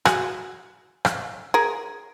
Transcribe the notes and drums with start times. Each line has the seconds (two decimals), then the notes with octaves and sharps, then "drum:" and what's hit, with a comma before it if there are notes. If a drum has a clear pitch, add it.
0.05 F#4 G#4, drum: rim click
1.05 drum: rim click
1.54 G#4 A#4